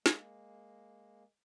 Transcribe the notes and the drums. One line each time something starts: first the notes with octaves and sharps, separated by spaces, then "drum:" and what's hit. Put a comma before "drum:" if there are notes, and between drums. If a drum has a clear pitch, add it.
G#3 A#3, drum: snare